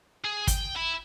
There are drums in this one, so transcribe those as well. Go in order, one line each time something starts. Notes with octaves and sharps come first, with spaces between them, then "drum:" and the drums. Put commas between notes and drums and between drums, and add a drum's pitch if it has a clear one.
G#4
G5, drum: kick, hi-hat
E4